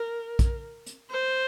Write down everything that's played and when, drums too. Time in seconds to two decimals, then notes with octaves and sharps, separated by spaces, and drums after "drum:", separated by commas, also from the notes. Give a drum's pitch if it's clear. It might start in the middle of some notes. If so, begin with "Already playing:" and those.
Already playing: A#4
0.39 drum: kick A#1, hi-hat
0.86 drum: hi-hat
1.10 C5